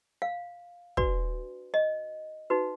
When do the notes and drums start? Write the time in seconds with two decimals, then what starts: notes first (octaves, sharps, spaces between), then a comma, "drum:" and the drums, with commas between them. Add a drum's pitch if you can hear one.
0.22 F5
0.97 D4 F#4 B4 D5, drum: kick
1.74 D#5
2.50 D#4 F#4 B4